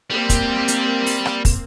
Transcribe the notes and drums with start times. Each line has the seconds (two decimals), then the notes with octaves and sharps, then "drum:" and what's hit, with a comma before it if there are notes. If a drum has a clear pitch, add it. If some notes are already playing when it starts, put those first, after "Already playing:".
0.10 G3 A#3 C4
0.29 drum: kick, hi-hat
0.68 drum: hi-hat
1.06 drum: open hi-hat
1.26 drum: rim click
1.45 drum: kick, open hi-hat